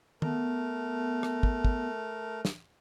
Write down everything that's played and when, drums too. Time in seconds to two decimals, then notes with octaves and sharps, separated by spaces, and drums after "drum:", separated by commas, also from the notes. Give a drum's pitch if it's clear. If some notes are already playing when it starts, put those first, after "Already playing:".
0.22 A3 B3 A#4, drum: tom D#3
1.23 drum: rim click
1.43 drum: kick
1.65 drum: kick
2.45 drum: snare